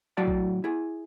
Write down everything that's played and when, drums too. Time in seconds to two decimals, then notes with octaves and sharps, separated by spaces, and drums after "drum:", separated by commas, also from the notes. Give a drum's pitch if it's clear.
0.17 A2 F#3 F#4 D5 G5 A5
0.28 drum: kick A#1
0.64 E4 G#4